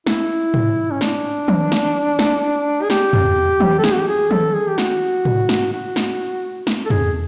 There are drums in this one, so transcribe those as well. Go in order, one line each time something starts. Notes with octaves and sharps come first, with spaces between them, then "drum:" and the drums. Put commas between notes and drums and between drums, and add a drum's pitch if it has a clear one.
E4, drum: snare
drum: tom
C#4
D4, drum: snare
drum: tom
drum: snare
drum: snare
G#4
G4, drum: snare
drum: tom
drum: tom
A4
G#4, drum: snare
F#4
G4
G#4
A4, drum: tom
G#4
G4
F#4, drum: snare
drum: tom
drum: snare
F#4
drum: snare
drum: snare
A4
G#4, drum: tom